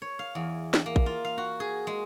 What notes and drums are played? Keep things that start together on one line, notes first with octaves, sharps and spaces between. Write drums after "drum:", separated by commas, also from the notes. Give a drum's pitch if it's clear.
C#5
F5
E2
drum: snare
A#3
drum: kick
F4
F5
F#4
G#4
G#3